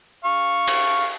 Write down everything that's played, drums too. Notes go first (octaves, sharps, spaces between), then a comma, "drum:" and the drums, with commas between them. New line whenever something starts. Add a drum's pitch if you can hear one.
F5 C#6
drum: cymbal